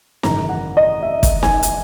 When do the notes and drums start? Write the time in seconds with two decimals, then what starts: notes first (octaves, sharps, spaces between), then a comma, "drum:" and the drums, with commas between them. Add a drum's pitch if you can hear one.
0.23 G#1 F#2 C#3 E3 A#5, drum: snare
0.49 F#5
0.77 D#5
1.03 E5
1.23 drum: kick, hi-hat
1.43 G#5, drum: snare
1.63 drum: hi-hat